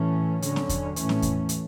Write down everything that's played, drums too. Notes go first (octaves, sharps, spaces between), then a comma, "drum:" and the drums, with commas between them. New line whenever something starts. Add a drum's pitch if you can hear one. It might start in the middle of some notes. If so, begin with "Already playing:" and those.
Already playing: A2 E3 A3 C#4
D3 F#3 C#4, drum: hi-hat
drum: snare C4
drum: kick E2, hi-hat
A2 E3 A3 C#4, drum: hi-hat
drum: snare C4
drum: kick E2, hi-hat
drum: hi-hat